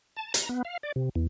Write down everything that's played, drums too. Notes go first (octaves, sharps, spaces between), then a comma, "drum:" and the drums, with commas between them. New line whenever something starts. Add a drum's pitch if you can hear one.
A5
A#5, drum: hi-hat
B3
F5
D5
C3
E2